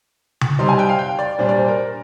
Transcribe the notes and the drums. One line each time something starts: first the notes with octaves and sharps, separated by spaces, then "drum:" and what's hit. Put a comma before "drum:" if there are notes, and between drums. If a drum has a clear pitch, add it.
drum: tom C#3
C3 G3 C4 D#4 C6
G#5
G5
F5
G5
D5
A#2 G3 D4 C5
D5
C5
A#4